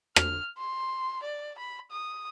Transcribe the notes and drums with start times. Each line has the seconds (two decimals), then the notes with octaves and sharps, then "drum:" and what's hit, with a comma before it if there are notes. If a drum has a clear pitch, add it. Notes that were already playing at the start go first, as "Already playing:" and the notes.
0.16 F6, drum: rim click
0.58 C6
1.23 D5
1.59 B5
1.91 D#6